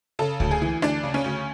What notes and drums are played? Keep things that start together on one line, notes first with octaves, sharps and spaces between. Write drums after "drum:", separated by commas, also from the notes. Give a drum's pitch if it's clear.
C#3 A4
D2, drum: kick C#2
G#4
E3
D2 D4, drum: rim click
C#3
C#4
D2